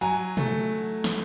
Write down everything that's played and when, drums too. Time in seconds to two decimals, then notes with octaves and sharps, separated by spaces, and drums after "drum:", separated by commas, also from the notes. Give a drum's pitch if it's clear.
0.01 F#3 G#5 A#5
0.37 A3, drum: tom B2
1.04 drum: snare